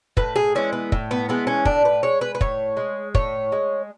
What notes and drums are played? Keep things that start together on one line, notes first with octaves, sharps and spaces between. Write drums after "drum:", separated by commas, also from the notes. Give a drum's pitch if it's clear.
A2 B4, drum: kick
G#4
E3 G#3 C#4
B3
A2, drum: kick
B3
E3 G#3 B3
C#4
A2 D4, drum: kick
B4
G#3 C#5
B4
B4
A2 C#5, drum: kick
G#3
A2 C#5, drum: kick
G#3